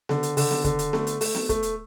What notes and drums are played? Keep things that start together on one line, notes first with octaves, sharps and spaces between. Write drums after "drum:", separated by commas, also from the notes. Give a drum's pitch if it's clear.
D3, drum: snare B3
drum: hi-hat
D3, drum: open hi-hat
drum: snare B3
D3, drum: kick, hi-hat
drum: hi-hat
A3, drum: snare B3
drum: hi-hat
A3, drum: open hi-hat
drum: snare B3
A3, drum: kick, hi-hat
drum: hi-hat